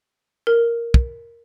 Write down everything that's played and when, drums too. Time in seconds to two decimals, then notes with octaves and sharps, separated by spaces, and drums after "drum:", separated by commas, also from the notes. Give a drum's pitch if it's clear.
0.47 A#4
0.94 drum: kick